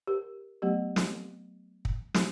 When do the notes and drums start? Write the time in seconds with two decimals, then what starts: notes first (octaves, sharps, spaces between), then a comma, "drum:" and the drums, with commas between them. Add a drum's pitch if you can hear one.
0.07 G4 A#4
0.62 F#3 A3 B3 G4
0.96 drum: snare
1.85 drum: kick
2.14 drum: snare